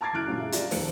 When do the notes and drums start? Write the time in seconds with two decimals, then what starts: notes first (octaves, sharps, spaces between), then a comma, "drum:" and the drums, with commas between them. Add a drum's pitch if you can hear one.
0.01 A5 A#5 D6 G#6 A6 C7
0.13 F#1 E4 F6 F#6 D7
0.27 A#2 D3 F#3 G3 C#4
0.40 G#4 E5
0.52 F4 G4 D5 E5 A#5, drum: hi-hat
0.71 D#1 F2 D#3 G3 C5 C#7, drum: open hi-hat